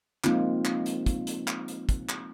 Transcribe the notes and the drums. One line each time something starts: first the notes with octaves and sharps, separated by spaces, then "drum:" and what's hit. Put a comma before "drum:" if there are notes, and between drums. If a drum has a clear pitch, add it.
F3 G#3 A#3 C4 D#4 F4, drum: clap
drum: clap
drum: hi-hat
drum: kick, hi-hat
drum: hi-hat
drum: clap
drum: hi-hat
drum: kick, hi-hat
drum: clap